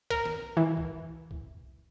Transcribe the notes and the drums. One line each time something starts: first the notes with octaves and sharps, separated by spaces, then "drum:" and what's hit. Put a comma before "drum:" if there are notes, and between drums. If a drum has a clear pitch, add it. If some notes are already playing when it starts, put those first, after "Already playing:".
A#4, drum: kick
drum: snare
E3
drum: kick
drum: kick